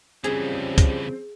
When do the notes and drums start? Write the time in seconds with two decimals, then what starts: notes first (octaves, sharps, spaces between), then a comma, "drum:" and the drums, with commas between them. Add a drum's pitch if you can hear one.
0.24 C#3 E3 F3 G3 C4 C#4 G#4
0.78 drum: kick C2, hi-hat